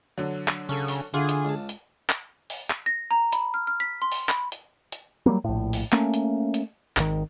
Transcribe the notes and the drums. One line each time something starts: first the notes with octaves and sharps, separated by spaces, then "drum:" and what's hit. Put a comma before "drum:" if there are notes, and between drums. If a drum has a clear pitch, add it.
D3 F#3
drum: clap
C#3 C#4 A4 G#5
drum: open hi-hat
D3 E3 F4 G#4 F5 F#5
drum: hi-hat
C#2 A5
drum: hi-hat
drum: clap
drum: open hi-hat
drum: clap
A#6
A#5
B5, drum: hi-hat
F6
F6
B6
C6
drum: open hi-hat
B5, drum: clap
drum: hi-hat
drum: hi-hat
F#3 G3 A#3 B3
A#1 A2
drum: open hi-hat
A3 A#3 C#4, drum: clap
drum: hi-hat
drum: hi-hat
G#1 D#3, drum: clap